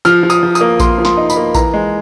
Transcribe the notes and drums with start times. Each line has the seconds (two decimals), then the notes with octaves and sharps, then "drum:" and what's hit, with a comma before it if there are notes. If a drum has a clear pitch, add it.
0.05 F3 F6, drum: tambourine
0.23 F3
0.30 D#6, drum: tambourine
0.43 F3
0.55 D#6, drum: tambourine
0.61 A#3
0.80 A#3 C6, drum: kick A#1, tambourine
0.98 F3
1.05 C6, drum: snare
1.17 D#4
1.30 B5, drum: tambourine
1.36 A#3
1.54 E3 A#5, drum: kick A#1, tambourine
1.74 G#3